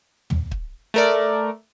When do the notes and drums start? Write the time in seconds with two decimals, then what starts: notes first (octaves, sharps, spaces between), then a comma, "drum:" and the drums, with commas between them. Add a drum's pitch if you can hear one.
0.30 drum: tom
0.51 drum: kick
0.94 A3 A#4 D5